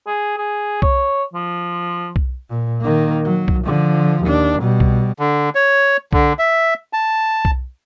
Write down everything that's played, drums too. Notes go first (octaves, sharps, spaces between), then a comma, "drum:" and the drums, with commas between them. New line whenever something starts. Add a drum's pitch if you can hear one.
G#4
G#4
C#5, drum: kick B1
F3
drum: kick B1
A#2
D#3 A#3
F#3
drum: kick B1
D3 F3
D#2 D4
B2 G3
drum: kick B1
D3
C#5
D3, drum: kick B1
E5
A5
drum: kick B1